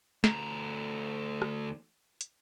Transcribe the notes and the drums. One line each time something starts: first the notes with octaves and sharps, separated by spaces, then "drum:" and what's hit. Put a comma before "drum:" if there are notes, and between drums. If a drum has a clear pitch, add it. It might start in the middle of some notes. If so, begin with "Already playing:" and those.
D2 A#5, drum: snare
drum: rim click
drum: hi-hat